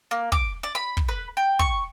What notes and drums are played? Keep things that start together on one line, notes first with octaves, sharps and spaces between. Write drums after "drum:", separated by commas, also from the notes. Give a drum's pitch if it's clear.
A#3
D6, drum: kick
D5
B5
drum: kick
B4
G5
C#6, drum: kick